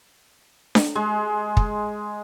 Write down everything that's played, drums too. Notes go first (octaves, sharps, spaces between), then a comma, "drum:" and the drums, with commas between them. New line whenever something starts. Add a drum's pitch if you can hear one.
drum: snare D4
G#3
drum: kick